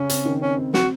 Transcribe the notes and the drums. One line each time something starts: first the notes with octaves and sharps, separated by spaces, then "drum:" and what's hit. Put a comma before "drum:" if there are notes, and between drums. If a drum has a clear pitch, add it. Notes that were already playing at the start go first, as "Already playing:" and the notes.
Already playing: C#3 C#4
C4, drum: hi-hat
D#3
C4 C#4
C4
C4 F#4, drum: snare